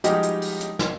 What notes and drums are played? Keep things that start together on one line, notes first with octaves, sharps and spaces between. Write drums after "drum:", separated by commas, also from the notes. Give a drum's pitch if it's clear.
F3 G3 G#3 D#4 F#4 G4, drum: hi-hat
drum: hi-hat
drum: open hi-hat
drum: hi-hat
drum: snare